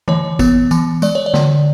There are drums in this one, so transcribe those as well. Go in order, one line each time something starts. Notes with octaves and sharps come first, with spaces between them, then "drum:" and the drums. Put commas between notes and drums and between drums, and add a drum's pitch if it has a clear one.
E3 C#5, drum: tom
B3, drum: kick, tambourine
E3, drum: tambourine
G#3 D5, drum: tambourine
C#5
D5
D3, drum: snare